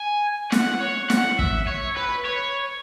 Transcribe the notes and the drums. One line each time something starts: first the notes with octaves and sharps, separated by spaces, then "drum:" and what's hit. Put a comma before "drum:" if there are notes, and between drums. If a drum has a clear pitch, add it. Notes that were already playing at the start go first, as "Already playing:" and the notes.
Already playing: G#5
F#5, drum: snare
C#5
F#5, drum: snare
E5, drum: kick
C#5
B4
C#5